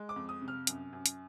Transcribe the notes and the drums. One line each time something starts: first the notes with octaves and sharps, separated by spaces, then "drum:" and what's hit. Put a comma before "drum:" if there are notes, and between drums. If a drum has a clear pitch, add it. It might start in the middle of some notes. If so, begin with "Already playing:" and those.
Already playing: G#3
D6
F2
D#6
C3
F6
F#2, drum: hi-hat
F#2
drum: hi-hat